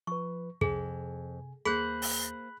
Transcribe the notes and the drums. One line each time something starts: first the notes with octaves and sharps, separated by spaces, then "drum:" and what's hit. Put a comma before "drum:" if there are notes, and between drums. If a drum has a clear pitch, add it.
F3 B4 C#6
F2 C3 G#4 G#5, drum: kick
D#2 A#3 G#4 C5 B5 F#6 G6
drum: open hi-hat